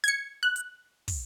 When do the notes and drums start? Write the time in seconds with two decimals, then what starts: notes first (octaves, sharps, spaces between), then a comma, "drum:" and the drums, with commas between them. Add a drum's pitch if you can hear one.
0.04 G#6 C#7, drum: hi-hat
0.43 F#6
0.56 drum: hi-hat
1.08 drum: kick, open hi-hat